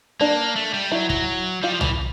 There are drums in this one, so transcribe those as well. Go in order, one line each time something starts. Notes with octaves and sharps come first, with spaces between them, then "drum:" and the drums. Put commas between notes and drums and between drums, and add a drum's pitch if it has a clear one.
A#3 D4
A3
G3
F#3 E4
F#3, drum: kick
G3 F4
F3
E3, drum: tom